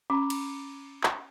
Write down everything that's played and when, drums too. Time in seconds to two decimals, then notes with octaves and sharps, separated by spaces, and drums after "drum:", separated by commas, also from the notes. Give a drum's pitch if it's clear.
0.10 C#4 A#5 B5 D6
0.30 drum: cymbal
1.03 drum: clap